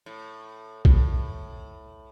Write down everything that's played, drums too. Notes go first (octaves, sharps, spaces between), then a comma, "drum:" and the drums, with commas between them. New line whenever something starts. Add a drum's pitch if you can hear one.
A2
A2, drum: kick